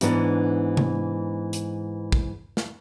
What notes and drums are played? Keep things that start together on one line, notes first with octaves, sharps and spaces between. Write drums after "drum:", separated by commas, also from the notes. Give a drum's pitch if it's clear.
G#2 E3 B3 D4, drum: hi-hat
drum: tom C3
drum: hi-hat
drum: kick
drum: snare